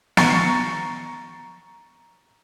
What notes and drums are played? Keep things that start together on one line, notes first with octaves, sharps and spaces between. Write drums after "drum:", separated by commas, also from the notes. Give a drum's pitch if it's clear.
A#5 C#6 A6 C7 C#7, drum: snare